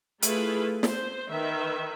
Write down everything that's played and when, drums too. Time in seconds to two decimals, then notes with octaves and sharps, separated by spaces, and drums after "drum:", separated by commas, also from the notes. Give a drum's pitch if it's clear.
0.22 A3 E4 F4 G#4 A4 B4, drum: hi-hat
0.83 C5, drum: snare
1.29 D#3 B4 E5